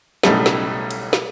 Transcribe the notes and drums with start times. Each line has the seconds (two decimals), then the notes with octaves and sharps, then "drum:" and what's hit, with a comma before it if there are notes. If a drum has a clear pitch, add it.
0.23 B1 A2 C#3 G3 D#4 A4, drum: snare
0.46 drum: snare
0.91 drum: cymbal
1.13 drum: snare